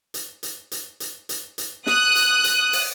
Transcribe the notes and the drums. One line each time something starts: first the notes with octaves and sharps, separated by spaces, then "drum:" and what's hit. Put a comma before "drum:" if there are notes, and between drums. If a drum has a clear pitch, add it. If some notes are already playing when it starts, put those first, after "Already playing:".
drum: hi-hat
drum: hi-hat
drum: hi-hat
drum: hi-hat
drum: hi-hat
drum: hi-hat
D#6 F#6, drum: snare
drum: hi-hat
drum: hi-hat
drum: open hi-hat